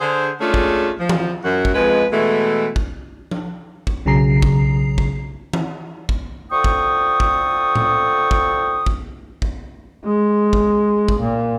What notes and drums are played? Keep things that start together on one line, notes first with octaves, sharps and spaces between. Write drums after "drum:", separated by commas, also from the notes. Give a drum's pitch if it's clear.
D3 G#4 C5
G#3 A3 C#4 D4 F4 G#4
drum: kick
F3
drum: tom E3
F#2 F#4
drum: kick
F2 G#3 B4
B2 E3 G#3 A3
drum: kick
drum: tom F3
drum: kick
B1 C#3 F#3 G#4 A#5 C7
drum: kick
drum: kick
drum: tom E3
drum: kick
D3 F3 A4 G5 C#6 D#6
drum: kick
drum: kick
drum: tom A2
drum: kick
drum: kick
drum: kick
G#3
drum: kick
drum: kick
A#2